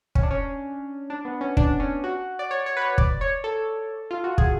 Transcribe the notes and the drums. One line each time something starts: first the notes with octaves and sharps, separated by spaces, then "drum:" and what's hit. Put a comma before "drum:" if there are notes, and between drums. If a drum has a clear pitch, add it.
C#4, drum: kick
D4
C#4
D4
B3
C#4
D4, drum: kick
C#4
F#4
D5
C#5
C#5
B4
C#5
D5, drum: kick
C#5
A4
F4
F#4
G#4, drum: kick